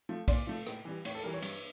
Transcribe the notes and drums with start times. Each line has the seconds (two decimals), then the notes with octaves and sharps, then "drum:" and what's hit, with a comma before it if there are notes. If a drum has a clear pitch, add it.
0.09 F3 A3
0.28 A#2 D5, drum: kick, cymbal
0.47 F3 A3
0.66 A2, drum: rim click
0.85 E3 G3
1.05 A2 C#5, drum: cymbal
1.15 A4
1.23 E3 G3 A#4
1.33 C#5
1.42 G2, drum: cymbal